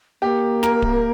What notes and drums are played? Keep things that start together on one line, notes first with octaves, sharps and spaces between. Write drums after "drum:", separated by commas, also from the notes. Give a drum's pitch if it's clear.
A#3 G4
A#4, drum: snare
drum: kick D1